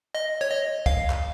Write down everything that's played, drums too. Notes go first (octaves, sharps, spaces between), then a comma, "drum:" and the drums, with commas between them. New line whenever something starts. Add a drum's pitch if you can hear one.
D#5
C#5
D#5
F5, drum: kick
drum: clap